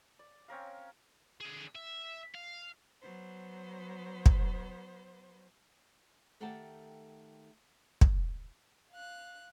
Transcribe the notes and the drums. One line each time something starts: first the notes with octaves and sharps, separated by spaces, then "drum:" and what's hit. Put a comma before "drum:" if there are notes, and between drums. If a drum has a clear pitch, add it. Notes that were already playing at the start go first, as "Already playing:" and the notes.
D5
C4 C#4 A#4 F5
D3 G#4
E5
F5
F#3 B3 C5
drum: kick
D#3 A3 G4 F#5 G5 A5
drum: kick
F5 F#6